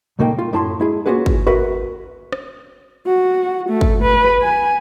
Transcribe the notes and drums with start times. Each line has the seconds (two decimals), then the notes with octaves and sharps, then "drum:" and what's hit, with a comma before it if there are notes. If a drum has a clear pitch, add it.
0.19 C#2 A#2 A3 A#3 D#4 G5
0.39 F4
0.53 F#2 A2 E4 A5 A#5 C6
0.80 G#3 E4 G#4
1.06 A#3 C#4 F4 F#4 G#4 B4
1.26 drum: kick
1.47 F#4 A#4 B4 E5 F#5
2.32 drum: rim click
3.06 F#4
3.69 A3
3.81 drum: kick
4.03 B4
4.42 G#5